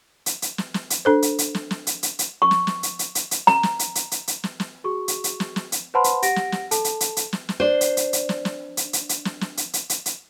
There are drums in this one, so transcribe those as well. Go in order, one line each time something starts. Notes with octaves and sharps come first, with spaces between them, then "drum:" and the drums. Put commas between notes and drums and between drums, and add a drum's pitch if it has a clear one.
drum: hi-hat
drum: hi-hat
drum: snare
drum: snare
drum: hi-hat
D4 A4 C5
drum: hi-hat
drum: hi-hat
drum: snare
drum: snare
drum: hi-hat
drum: hi-hat
drum: hi-hat
C#6
drum: snare
drum: snare
drum: hi-hat
drum: hi-hat
drum: hi-hat
drum: hi-hat
A#5, drum: snare
drum: snare
drum: hi-hat
drum: hi-hat
drum: hi-hat
drum: hi-hat
drum: snare
drum: snare
F#4 G#4 C#6
drum: hi-hat
drum: hi-hat
drum: snare
drum: snare
drum: hi-hat
B4 C5 F#5 A5 B5 C6
drum: hi-hat
G4 F#5 A#6 D7, drum: hi-hat
drum: snare
drum: snare
A4 A5, drum: hi-hat
drum: hi-hat
drum: hi-hat
drum: hi-hat
drum: snare
drum: snare
D4 C5
drum: hi-hat
drum: hi-hat
drum: hi-hat
drum: snare
drum: snare
drum: hi-hat
drum: hi-hat
drum: hi-hat
drum: snare
drum: snare
drum: hi-hat
drum: hi-hat
drum: hi-hat
drum: hi-hat